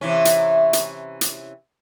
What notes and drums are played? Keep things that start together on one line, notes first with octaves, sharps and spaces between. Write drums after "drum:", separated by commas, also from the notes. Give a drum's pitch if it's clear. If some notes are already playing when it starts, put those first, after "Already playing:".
C3 E3 C#4
drum: hi-hat
drum: hi-hat
drum: hi-hat